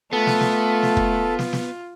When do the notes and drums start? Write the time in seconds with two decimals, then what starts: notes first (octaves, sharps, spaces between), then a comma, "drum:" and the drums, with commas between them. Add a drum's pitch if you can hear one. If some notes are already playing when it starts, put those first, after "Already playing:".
0.13 A3 B3 F4 A4
0.27 drum: snare
0.41 drum: snare
0.83 drum: snare
0.97 drum: kick
1.39 drum: snare
1.53 drum: snare